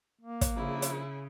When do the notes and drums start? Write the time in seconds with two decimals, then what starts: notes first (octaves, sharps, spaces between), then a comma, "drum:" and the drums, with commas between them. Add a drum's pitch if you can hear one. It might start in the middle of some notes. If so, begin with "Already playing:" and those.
0.21 A#3
0.41 drum: kick, hi-hat
0.56 A#1 C#3 E4
0.82 drum: hi-hat